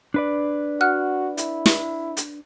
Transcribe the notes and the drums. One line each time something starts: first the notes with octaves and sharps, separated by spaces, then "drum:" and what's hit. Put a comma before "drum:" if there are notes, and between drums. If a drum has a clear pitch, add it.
D4 B4 D5
F#4 F#5 F6 F#6
E4, drum: hi-hat
drum: snare
drum: hi-hat